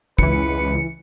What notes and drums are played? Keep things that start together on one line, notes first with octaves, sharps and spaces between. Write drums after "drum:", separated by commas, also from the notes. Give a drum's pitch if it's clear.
C#2 E3 B4 C#7, drum: kick